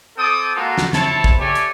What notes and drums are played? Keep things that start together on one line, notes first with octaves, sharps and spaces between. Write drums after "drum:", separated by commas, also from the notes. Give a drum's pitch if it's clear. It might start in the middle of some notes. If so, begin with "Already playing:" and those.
C4 A4 G5 D6 D#6
G#3 A#3 F4 F#4 A4
drum: snare
E4 C5 C#5 A5, drum: snare
drum: kick
A3 G4 C#5 D5 G#5
drum: hi-hat